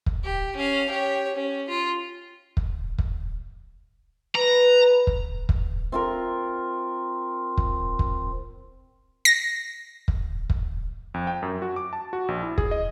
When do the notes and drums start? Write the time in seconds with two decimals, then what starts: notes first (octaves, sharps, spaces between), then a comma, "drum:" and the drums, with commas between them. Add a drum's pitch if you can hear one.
0.06 drum: kick
0.24 G4
0.56 C#4 F5
0.90 G4 C#5
1.35 C#4
1.69 F4
2.57 drum: kick
2.99 drum: kick
4.35 B4 A#5
5.07 drum: kick
5.49 drum: kick
5.92 C4 F4 A#4
7.58 drum: kick
7.99 drum: kick
9.25 A#6
10.08 drum: kick
10.50 drum: kick
11.14 F2
11.27 G5
11.42 F#2
11.62 F#4
11.76 D6
11.93 A5
12.13 F#4
12.28 A#1
12.43 E4
12.58 G#4, drum: kick
12.71 D#5